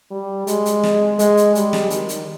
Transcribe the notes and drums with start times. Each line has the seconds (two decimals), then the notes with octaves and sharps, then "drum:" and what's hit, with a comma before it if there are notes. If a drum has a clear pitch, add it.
0.11 G3
0.47 G#3, drum: hi-hat
0.66 drum: hi-hat
0.83 drum: snare
1.19 G#3, drum: hi-hat
1.37 drum: hi-hat
1.55 G3, drum: hi-hat
1.73 drum: snare
1.90 D#3, drum: hi-hat
2.09 drum: hi-hat